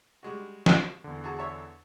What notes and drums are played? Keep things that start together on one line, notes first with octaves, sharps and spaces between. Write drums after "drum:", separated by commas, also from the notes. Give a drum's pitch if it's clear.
G3 G#3 F#4
drum: snare
E2 D3
F#4 G#4 A5
C#5 E5 A5